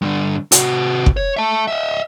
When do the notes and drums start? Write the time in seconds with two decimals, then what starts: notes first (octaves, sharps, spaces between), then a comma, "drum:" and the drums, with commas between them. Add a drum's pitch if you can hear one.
0.02 G2 D3
0.52 C3 F#4, drum: hi-hat
1.06 drum: kick
1.17 C#5
1.37 E5 A5
1.68 D#5 E5